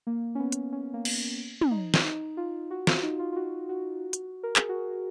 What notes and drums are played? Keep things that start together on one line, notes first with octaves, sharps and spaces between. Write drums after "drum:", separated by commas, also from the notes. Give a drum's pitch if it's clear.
A#3
C#4
B3
drum: hi-hat
C#4
A#3
drum: cymbal
drum: tom
D#4
drum: snare
D#4
F4
F#4
F4, drum: snare
D#4
F4
F4
F#4
F#4
drum: hi-hat
A#4
G#4, drum: clap
F#4